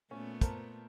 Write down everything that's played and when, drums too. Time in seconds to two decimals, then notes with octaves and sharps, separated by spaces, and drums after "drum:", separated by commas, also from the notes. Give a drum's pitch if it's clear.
0.11 A#2 A3 B3 C#4
0.41 A#4 C5 A5, drum: kick, hi-hat